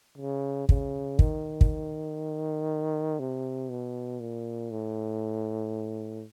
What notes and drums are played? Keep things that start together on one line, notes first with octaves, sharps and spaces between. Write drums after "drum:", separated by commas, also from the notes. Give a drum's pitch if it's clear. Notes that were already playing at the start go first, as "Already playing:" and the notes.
C#3
C#3, drum: kick
D#3, drum: kick
drum: kick
C3
B2
A#2
A2